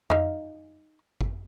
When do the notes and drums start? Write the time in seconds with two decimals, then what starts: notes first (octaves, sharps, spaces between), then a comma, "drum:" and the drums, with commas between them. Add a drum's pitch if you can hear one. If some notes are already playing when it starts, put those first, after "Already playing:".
0.10 D#4 F5, drum: tom F2
1.21 drum: kick G1